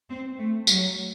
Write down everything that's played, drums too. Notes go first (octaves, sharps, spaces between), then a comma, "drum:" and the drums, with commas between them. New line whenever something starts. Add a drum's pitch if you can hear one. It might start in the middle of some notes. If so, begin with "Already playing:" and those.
C4
A3
F#3, drum: tambourine